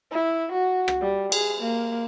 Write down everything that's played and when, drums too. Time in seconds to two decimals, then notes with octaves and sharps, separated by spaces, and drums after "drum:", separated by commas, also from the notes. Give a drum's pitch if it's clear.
0.11 E4
0.52 F#4
0.88 drum: rim click
1.01 G3
1.32 G#4, drum: cymbal
1.60 A#3